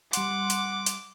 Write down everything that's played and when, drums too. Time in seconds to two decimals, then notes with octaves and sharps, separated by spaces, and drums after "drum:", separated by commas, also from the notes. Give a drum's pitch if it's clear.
0.13 G3 F#5 C6 D6, drum: hi-hat
0.50 drum: hi-hat
0.86 drum: hi-hat